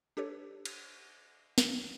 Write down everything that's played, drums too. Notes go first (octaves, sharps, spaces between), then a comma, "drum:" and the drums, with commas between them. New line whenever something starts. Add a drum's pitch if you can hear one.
D4 G4 A4 B4 C#5
drum: cymbal
drum: snare